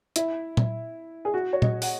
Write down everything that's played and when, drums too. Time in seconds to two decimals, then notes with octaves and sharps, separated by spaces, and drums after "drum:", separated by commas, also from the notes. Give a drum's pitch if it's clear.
0.16 E4, drum: hi-hat
0.57 drum: tom A#2
1.25 G#4
1.34 F#4
1.53 C#5
1.62 D#5, drum: tom A#2
1.82 F#5, drum: open hi-hat